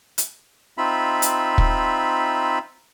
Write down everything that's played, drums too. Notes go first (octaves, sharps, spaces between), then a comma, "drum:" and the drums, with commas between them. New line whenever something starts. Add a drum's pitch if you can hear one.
drum: hi-hat
C4 D#4 F4 E5 B5
drum: hi-hat
drum: kick